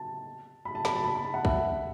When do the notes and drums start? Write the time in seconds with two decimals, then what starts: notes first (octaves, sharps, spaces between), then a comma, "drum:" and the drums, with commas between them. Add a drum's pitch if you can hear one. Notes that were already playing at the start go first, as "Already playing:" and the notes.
Already playing: A5
0.65 B5
0.75 A5
0.85 B5, drum: snare
0.95 A5
1.05 B5
1.15 B5
1.25 A5
1.34 F#5
1.45 E5, drum: kick